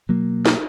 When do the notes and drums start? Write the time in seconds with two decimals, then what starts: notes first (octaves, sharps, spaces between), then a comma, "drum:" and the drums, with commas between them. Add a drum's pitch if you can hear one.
0.09 B2 F#3 A#3
0.46 drum: snare